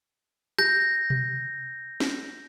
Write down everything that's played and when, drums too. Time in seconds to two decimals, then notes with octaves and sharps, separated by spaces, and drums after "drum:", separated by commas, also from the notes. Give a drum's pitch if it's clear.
0.59 G6 A#6, drum: rim click
1.10 drum: tom B2
2.00 drum: snare